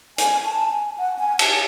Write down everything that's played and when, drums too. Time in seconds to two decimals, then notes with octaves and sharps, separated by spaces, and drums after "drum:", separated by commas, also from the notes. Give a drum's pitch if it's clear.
0.18 G#5, drum: hi-hat
0.45 A5
0.71 G#5
0.98 F#5
1.19 G#5
1.39 A5, drum: cymbal